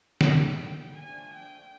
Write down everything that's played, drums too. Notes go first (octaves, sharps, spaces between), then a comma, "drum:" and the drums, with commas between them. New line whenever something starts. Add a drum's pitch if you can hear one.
D3 G3 A#3 G5, drum: snare
F3 A3 D4 G#5
G5